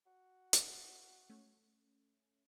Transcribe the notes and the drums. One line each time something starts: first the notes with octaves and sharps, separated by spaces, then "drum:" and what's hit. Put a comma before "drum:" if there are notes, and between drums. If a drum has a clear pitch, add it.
F#4
drum: hi-hat
A3 C#4